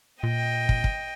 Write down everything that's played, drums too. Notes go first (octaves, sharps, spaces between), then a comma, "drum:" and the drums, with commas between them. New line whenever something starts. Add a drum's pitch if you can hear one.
A#2 D#5 G5
drum: kick
drum: kick